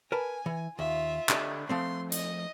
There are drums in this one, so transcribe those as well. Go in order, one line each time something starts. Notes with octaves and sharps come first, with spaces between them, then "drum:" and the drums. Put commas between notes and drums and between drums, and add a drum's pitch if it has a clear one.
A#4 B4 G#5 A5
E3
D#2 F4 E5
D3 G4 D#5, drum: clap
F3 A3 C4 C6
D#5, drum: hi-hat